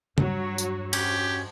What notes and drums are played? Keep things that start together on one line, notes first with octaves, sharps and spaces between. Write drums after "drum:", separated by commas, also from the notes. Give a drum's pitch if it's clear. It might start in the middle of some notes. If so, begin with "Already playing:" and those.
E2 G2 F#3 F#4 C#5, drum: tom
drum: tambourine
C#4 F#4 G4, drum: cymbal